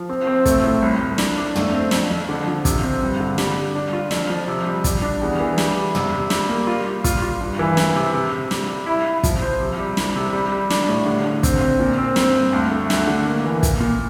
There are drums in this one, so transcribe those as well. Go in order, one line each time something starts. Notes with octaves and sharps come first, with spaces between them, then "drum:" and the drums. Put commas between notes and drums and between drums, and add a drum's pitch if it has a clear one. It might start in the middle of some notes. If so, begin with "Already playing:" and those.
Already playing: F3
C4
C4
A3, drum: kick, hi-hat
A2
C2
C2
D4, drum: snare
D4
A3, drum: tom
C4
F2, drum: snare
F2
D3
F3
C3, drum: kick, hi-hat
C4
G2
D3
G3, drum: snare
G3
D4
F4
F2, drum: snare
F3
C3
G3
G3, drum: kick, hi-hat
D4
E2
E3
G3, drum: snare
G3
C3, drum: tom
C3
G3, drum: snare
A#3
F4
G3
F4, drum: kick, hi-hat
F4
G2
E3
E3, drum: snare
C3
C3
C3
G3, drum: snare
G3
E4
E4
F3, drum: kick, hi-hat
C5
C3
G3
C2, drum: snare
C3
G3
G3
D4, drum: snare
A2
D3
D3
C4, drum: kick, hi-hat
C4
A#2
C4
C4, drum: snare
G2
D2
A3
D2, drum: snare
D3
A#3
E3
A#2, drum: kick, hi-hat
A#2